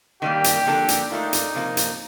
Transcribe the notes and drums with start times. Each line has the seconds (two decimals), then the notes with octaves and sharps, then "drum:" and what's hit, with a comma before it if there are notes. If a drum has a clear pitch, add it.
0.22 D#3 G3 A#3 G4
0.44 drum: hi-hat
0.66 D3 F3 A#3 D4 A4
0.88 drum: hi-hat
1.11 A3 D4 D#4 F4 A#4
1.33 drum: hi-hat
1.55 C3 F3 A#3
1.77 drum: hi-hat